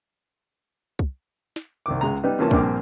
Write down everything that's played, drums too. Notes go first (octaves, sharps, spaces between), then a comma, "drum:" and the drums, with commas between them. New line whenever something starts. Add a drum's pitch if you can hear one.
drum: kick
drum: snare
C2 D#3 D6
C#2 G#3 A#5
G3 B3 D#4 B4
C3 E3 A#3 C#4 F4 A5
A#1 G2 A#3 C4 D6, drum: kick